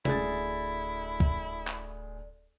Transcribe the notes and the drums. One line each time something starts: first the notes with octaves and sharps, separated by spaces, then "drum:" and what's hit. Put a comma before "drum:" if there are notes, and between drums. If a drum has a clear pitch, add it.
D1 D2 E4 G#4 D5 A6, drum: tom C3
drum: kick
drum: clap